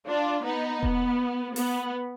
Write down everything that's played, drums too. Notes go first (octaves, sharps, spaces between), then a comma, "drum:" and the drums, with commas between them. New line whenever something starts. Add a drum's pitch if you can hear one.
D4 F4
B3 D#4
B3, drum: kick E1
B3, drum: open hi-hat